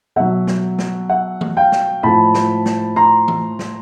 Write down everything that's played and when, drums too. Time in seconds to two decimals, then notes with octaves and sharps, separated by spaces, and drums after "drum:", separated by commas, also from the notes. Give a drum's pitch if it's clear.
0.16 B2 F#3 E5 F#5
0.47 drum: snare
0.79 drum: snare
1.09 E5 F#5
1.41 drum: tom
1.57 F5 G5
1.72 drum: snare
2.03 A2 F3 A5 B5
2.34 drum: snare
2.66 drum: snare
2.96 A#5 C6
3.28 drum: tom
3.59 drum: snare